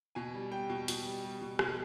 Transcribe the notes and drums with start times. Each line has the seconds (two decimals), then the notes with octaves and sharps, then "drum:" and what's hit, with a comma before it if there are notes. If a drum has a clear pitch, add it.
0.15 B2 G#5
0.34 G3
0.51 G3 G5
0.70 B2
0.88 B2, drum: hi-hat
1.06 G3
1.24 G3
1.41 B2
1.59 B2, drum: rim click